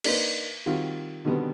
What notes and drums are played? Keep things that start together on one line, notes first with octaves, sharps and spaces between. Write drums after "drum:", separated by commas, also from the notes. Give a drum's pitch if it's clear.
A#3 D4 D#4 B4 C5, drum: cymbal
D#3 G3 C4 F4 F#4
B2 D3 D#3 G3 B3 C4